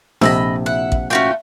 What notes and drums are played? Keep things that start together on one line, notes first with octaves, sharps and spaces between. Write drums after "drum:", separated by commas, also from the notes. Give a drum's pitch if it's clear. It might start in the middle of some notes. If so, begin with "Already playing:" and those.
A#1 F2 C3 D#5 B5 E6, drum: snare D4
E4 F#5
drum: kick A1
A3 C#4 F4 F#4 G5